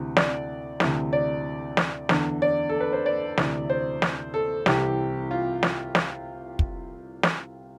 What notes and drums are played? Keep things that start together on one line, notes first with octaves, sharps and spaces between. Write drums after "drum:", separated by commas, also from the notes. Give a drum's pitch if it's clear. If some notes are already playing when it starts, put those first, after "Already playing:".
Already playing: D2 C3 E3
D5, drum: snare
D2 C3 E3, drum: snare
D5
drum: snare
E2 D3, drum: snare
D5
A4
B4
C5
D5
D2 C3 E3, drum: snare
C5
drum: snare
A4
C2 C3 E3 G4, drum: snare
F4
drum: snare
drum: snare
drum: kick
drum: snare